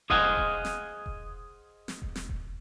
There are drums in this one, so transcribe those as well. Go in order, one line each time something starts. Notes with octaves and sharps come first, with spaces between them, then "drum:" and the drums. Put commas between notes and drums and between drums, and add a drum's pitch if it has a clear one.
G#4 C5 D#5 F5 F#5 G#5, drum: kick E1
drum: kick E1
drum: snare
drum: kick E1
drum: snare
drum: kick E1
drum: snare
drum: kick E1